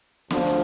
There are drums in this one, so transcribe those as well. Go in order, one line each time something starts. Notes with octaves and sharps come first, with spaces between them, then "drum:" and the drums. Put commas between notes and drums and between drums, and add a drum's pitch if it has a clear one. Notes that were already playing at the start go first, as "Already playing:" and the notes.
D2 D3 F3, drum: snare
drum: hi-hat